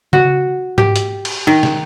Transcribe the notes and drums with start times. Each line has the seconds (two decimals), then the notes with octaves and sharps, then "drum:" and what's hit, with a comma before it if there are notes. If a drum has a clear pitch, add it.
0.13 F#4, drum: tom C#3
0.78 G4, drum: tom G#2
0.96 drum: hi-hat
1.25 drum: cymbal
1.47 D#3
1.63 drum: snare